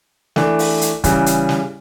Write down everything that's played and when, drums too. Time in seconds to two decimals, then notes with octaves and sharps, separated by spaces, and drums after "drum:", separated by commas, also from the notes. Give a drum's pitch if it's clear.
0.36 E3 A3 D4, drum: snare
0.59 drum: open hi-hat
0.81 drum: hi-hat
1.04 C#3 E3 G3, drum: kick, hi-hat
1.26 drum: hi-hat
1.49 drum: snare